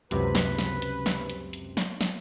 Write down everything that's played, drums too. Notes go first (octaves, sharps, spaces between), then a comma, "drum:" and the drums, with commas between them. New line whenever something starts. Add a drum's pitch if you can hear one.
C#2 F#2 C3 B4, drum: hi-hat
drum: snare
drum: snare
drum: hi-hat
drum: snare
drum: hi-hat
drum: hi-hat
drum: snare
drum: snare